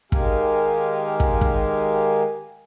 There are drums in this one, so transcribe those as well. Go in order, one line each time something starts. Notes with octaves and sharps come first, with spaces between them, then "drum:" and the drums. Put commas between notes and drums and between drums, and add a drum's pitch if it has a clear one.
D#3 G#3 G4 A#4 F5 G#5, drum: kick
drum: kick
drum: kick